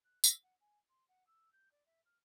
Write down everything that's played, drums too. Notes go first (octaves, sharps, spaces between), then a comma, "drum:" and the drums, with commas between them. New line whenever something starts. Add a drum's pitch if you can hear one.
F#6
E6, drum: tambourine
F#5
G#5
C6
F#5
E6
G6
D5
E5
F6